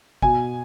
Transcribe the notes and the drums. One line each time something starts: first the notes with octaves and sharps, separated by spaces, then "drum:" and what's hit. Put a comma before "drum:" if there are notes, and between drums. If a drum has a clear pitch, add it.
B2 G#5, drum: kick